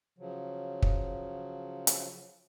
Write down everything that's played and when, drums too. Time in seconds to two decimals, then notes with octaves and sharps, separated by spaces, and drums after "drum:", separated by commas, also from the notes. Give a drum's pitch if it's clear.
0.19 C#3 F3 F#3
0.82 drum: kick
1.87 drum: hi-hat